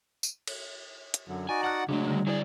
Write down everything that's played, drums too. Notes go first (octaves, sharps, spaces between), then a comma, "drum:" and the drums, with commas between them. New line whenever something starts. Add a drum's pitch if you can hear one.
drum: tambourine
drum: cymbal
drum: hi-hat
F#2 D3 F#3
D#4 F#4 D5 G#5
F#5 A5 F6 F#6
C#3 F#3 G#3 A3 D4
D3 G3
F#3 E4 G#4 C5 D5